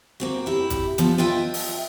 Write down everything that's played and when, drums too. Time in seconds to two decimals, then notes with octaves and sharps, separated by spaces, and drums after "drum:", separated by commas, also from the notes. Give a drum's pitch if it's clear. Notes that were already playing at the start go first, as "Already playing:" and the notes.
0.20 A#3 C4 F#4
0.46 E4 G4
0.70 drum: kick G#1, hi-hat
0.98 F3 B3, drum: hi-hat
1.18 F4 B4 D#5 E5 G5
1.54 drum: open hi-hat